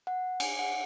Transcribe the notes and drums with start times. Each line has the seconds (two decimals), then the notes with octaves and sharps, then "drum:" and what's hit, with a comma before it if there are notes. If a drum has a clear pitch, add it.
0.07 F#5
0.40 G#5, drum: cymbal
0.59 F#5